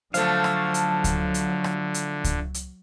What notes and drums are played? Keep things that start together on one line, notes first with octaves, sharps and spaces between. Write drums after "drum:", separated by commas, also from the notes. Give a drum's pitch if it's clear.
D3 F3 F#3 A3 F5, drum: hi-hat
drum: rim click
drum: hi-hat
drum: kick C#2, hi-hat
drum: hi-hat
drum: rim click
drum: hi-hat
drum: kick C#2, hi-hat
drum: hi-hat